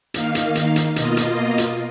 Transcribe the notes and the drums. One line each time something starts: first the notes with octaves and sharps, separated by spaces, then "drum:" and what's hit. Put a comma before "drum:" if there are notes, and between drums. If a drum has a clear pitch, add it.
D#3 A#3 D#4 F5, drum: hi-hat
drum: hi-hat
drum: hi-hat
drum: hi-hat
B2 A#3 F4 D#5, drum: hi-hat
drum: hi-hat
drum: hi-hat